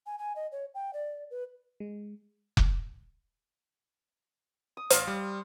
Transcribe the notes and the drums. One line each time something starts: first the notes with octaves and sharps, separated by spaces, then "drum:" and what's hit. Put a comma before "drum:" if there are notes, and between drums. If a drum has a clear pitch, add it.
G#5
G#5
D#5
C#5
G5
D5
B4
G#3
drum: kick F1
D#6
A1 C5 F5, drum: hi-hat
G3